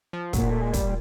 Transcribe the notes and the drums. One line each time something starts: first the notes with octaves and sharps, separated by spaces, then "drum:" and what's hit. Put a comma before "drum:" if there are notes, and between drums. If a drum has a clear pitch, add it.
F3
A#2 F#3, drum: kick, hi-hat
A3
G#3
G3, drum: kick, hi-hat